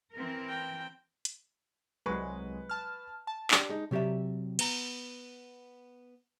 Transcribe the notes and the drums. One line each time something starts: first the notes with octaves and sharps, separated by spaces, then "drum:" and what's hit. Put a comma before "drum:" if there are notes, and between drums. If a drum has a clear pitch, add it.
E3 C4 A#4
G5
drum: hi-hat
C2 F#3 G#3 B4 C#6
A5 F6
A5
D4 G4, drum: clap
G#3 D#4
C3 F#3 G4 D5 E5
B3 A#5, drum: cymbal